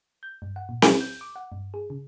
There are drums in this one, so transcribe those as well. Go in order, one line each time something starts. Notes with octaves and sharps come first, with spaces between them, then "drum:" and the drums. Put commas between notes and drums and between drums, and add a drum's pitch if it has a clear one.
G6
G2
F#5
A#2
E5, drum: snare C4
G6
D6
F#5
G2
G#4
C#3